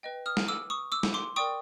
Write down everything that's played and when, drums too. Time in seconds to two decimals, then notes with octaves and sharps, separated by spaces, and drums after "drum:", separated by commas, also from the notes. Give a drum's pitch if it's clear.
0.03 B4 D#5 G5
0.26 D#6 F6
0.37 drum: snare
0.48 D6 E6
0.70 C#6 D#6
0.92 D6 E6
1.03 drum: snare
1.14 C6 D6
1.36 A#4 D5 G5 C#6 D#6